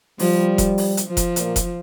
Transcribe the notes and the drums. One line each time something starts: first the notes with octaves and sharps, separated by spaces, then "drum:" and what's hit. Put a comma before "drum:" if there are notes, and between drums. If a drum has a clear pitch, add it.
F3 G3, drum: open hi-hat
drum: kick F1, hi-hat
drum: open hi-hat
drum: hi-hat
F3
drum: kick F1, hi-hat
A#2, drum: hi-hat
drum: kick F1, hi-hat